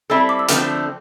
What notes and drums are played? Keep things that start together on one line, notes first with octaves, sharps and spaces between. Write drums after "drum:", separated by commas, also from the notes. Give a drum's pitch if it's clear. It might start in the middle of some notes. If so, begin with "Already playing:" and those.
G3 C4 E4 A4 E6
D6
E6
D3 F3 A3 C4 F6, drum: hi-hat